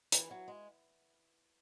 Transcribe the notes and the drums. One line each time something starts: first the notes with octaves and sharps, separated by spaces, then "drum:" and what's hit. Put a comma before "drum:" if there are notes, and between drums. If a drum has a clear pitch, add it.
E3, drum: hi-hat
F#3
G#3